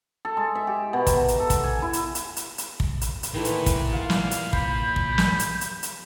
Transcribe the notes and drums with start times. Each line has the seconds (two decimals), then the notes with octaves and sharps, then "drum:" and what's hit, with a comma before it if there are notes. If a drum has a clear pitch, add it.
0.25 A4
0.37 G#3
0.55 E5
0.67 G4
0.93 B2
1.07 A#5, drum: kick, hi-hat
1.28 drum: hi-hat
1.40 A4
1.50 drum: kick, hi-hat
1.64 G#5
1.82 E4
1.93 drum: hi-hat
2.15 drum: hi-hat
2.36 drum: hi-hat
2.58 drum: hi-hat
2.80 drum: kick
3.01 drum: hi-hat
3.23 drum: hi-hat
3.34 A#2 D#3 E3 A3 B4
3.45 drum: hi-hat
3.66 drum: kick, hi-hat
3.93 D5 F5 F#5
4.10 drum: snare
4.31 drum: hi-hat
4.53 B5 G6, drum: kick
4.96 drum: kick
5.18 drum: snare
5.39 drum: hi-hat
5.61 drum: hi-hat
5.83 drum: hi-hat